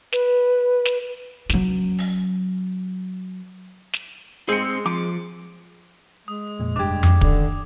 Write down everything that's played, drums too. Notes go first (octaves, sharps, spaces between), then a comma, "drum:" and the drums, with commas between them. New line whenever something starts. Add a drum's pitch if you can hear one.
B4, drum: snare
drum: snare
F#3 C#4, drum: snare
drum: open hi-hat
drum: snare
G#3 C4 G#4 C5 C#7
F3 D6
G#3 D#6
F2 A#2
F1 G2 D4 G4 D6 G#6
drum: tom F2
D3 D#3, drum: kick